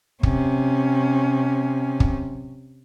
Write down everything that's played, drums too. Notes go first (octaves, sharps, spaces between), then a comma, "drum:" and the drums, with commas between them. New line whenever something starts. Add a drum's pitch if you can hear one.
C3 C#4, drum: kick
drum: kick